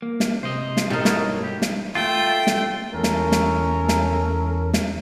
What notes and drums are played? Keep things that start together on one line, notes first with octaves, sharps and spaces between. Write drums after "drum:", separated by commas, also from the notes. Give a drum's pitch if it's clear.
A#3
drum: snare
C3 C5 D#5
drum: snare
B2 D#4 G4 A4 A#4
G2 D#3 E4 F#4 A#4 C#5, drum: snare
G4
drum: snare
A3 F4 G5
drum: snare
E2 C#4 A4 A#4
drum: snare
drum: snare
drum: snare
drum: snare